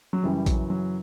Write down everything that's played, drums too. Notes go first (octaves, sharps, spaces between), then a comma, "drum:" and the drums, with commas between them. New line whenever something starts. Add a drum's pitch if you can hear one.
F#3
F#2 C#3 E3 G3
F#3, drum: kick A#1, hi-hat
F#3